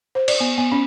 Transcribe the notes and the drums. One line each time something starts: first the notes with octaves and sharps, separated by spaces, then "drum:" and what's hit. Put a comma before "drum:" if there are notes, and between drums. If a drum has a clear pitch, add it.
C5
D5, drum: cymbal
B3
B3
C#4